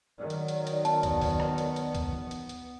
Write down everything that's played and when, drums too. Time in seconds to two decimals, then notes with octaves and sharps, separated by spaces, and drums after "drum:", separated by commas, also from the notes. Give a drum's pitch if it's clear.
0.19 D#3 F#3 D5
0.30 drum: hi-hat
0.48 drum: hi-hat
0.67 drum: hi-hat
0.85 B3 A5, drum: hi-hat
1.03 drum: kick, hi-hat
1.21 drum: kick, open hi-hat
1.40 drum: rim click
1.58 drum: hi-hat
1.76 drum: hi-hat
1.95 drum: kick, hi-hat
2.13 drum: tom E3
2.31 drum: hi-hat
2.49 drum: hi-hat